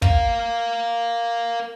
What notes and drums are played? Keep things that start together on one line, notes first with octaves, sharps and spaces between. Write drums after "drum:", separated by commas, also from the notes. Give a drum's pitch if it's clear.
A#4 F5, drum: kick